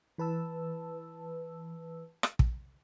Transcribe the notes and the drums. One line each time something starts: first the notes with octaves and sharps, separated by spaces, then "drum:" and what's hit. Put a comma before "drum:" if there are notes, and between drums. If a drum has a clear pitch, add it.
E3 B4 A5 E6
drum: rim click
drum: kick